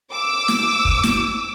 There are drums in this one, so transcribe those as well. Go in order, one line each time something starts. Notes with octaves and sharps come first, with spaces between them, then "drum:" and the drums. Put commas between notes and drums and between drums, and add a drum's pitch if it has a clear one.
D6 E6
drum: snare
drum: kick
drum: snare